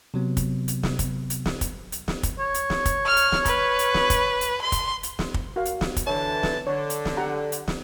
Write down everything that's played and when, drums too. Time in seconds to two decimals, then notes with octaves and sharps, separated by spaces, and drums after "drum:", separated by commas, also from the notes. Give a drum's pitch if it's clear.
0.14 C3 F#3 B3
0.37 drum: kick, hi-hat
0.68 drum: hi-hat
0.83 drum: snare
0.99 drum: kick, hi-hat
1.30 drum: hi-hat
1.46 drum: snare
1.61 drum: kick, hi-hat
1.92 drum: hi-hat
2.08 drum: snare
2.23 drum: kick, hi-hat
2.39 C#5
2.54 drum: hi-hat
2.70 drum: snare
2.86 drum: kick, hi-hat
3.06 F6
3.17 drum: hi-hat
3.32 drum: snare
3.45 B4, drum: kick, hi-hat
3.79 drum: hi-hat
3.94 drum: snare
4.10 drum: kick, hi-hat
4.41 drum: hi-hat
4.62 C6
4.72 drum: kick, hi-hat
5.03 drum: hi-hat
5.19 drum: snare
5.34 drum: kick
5.56 F#4 A#4 F5
5.65 drum: hi-hat
5.81 drum: snare
5.97 drum: kick, hi-hat
6.07 D3 E3 C#5 A5
6.43 drum: snare
6.67 D3 C#5
6.90 drum: hi-hat
7.05 drum: snare
7.17 G4 F#5 A#5
7.52 drum: hi-hat
7.68 drum: snare